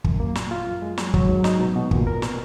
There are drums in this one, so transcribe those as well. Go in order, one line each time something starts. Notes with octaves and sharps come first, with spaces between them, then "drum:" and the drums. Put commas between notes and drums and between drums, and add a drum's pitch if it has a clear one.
F#2, drum: kick
A#3
A#2, drum: snare
F4
F#2
G#3
F#3, drum: snare
F#3, drum: kick
G#2
D#4, drum: snare
B2
B2
A#2, drum: kick
A#4
B2, drum: snare